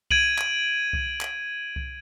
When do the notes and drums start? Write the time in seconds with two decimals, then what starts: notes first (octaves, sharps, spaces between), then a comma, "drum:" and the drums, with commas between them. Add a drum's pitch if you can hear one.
0.11 G#6 D7 D#7 F#7, drum: kick C2
0.38 drum: clap
0.93 drum: kick C2
1.21 drum: clap
1.76 drum: kick C2